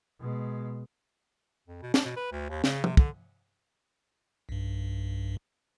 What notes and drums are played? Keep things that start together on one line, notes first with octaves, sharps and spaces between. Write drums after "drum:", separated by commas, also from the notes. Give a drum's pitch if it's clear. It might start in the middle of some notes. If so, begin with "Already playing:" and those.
B2 G#3
F2
B2
D4, drum: snare
B2
B4
D2
D#2
C#3, drum: snare
C3, drum: tom
D3, drum: kick
B1 G2